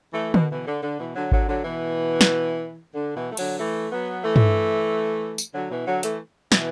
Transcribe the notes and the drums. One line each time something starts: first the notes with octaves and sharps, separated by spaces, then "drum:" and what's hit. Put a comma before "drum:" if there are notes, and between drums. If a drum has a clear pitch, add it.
E3 A3
B2, drum: tom D3
B2 E3
D3
D3
B2 E3
D3 F#3
D3 F#3, drum: kick G#1
D3 F#3
B2 E3
drum: snare
D3
B2 E3
A3
D3 F#3, drum: cymbal
E3 A3
F#3 B3
E3 A3
drum: tom
drum: tambourine
D3 F#3
B2 E3
D3 F#3
E3 A3, drum: hi-hat
B2 E3, drum: snare